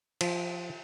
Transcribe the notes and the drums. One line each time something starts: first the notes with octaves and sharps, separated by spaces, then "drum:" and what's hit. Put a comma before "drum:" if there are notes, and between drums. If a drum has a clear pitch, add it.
F3, drum: cymbal